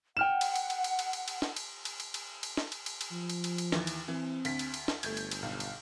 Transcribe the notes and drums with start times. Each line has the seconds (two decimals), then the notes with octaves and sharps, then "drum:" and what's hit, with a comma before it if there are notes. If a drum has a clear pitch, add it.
0.17 F#5 G5 F6 E7
0.41 drum: cymbal
0.56 drum: cymbal
0.70 drum: cymbal
0.84 drum: cymbal
0.99 drum: cymbal
1.13 drum: cymbal
1.28 drum: cymbal
1.42 drum: snare
1.56 drum: cymbal
1.85 drum: cymbal
2.00 drum: cymbal
2.14 drum: cymbal
2.43 drum: cymbal
2.57 drum: snare
2.72 drum: cymbal
2.86 drum: cymbal
3.01 drum: cymbal
3.11 F3
3.30 drum: cymbal
3.44 drum: cymbal
3.58 drum: cymbal
3.72 D#2 E3, drum: snare
3.87 drum: cymbal
4.08 E3 C4
4.45 D2 B6, drum: cymbal
4.59 drum: cymbal
4.74 drum: cymbal
4.88 drum: snare
5.03 G1 A3 G6 G#6, drum: cymbal
5.17 drum: cymbal
5.31 drum: cymbal
5.42 B1
5.60 drum: cymbal